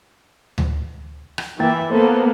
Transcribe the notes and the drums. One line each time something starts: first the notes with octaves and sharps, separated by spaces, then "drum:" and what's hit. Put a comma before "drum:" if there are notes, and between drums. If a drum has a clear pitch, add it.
drum: tom D2
drum: rim click
E3 A#3 E5 G5 A6
A#3 B3 A4 B4 C5